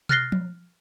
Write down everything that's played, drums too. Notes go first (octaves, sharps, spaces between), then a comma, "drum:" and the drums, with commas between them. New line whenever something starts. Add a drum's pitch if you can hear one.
F6 F#6 A6 A#6 C7 G7, drum: tom
drum: tom F3